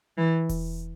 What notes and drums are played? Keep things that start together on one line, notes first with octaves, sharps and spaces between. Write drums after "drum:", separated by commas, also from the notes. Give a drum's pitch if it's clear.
E3
drum: kick E1, open hi-hat